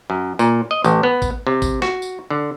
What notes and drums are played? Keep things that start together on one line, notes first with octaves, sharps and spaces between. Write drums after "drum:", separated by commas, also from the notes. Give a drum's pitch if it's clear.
F#2
A#2, drum: tambourine
D#5
A1, drum: tambourine
B3
drum: kick A1, tambourine
C3
drum: kick A1, tambourine
F#4, drum: snare
drum: tambourine
D3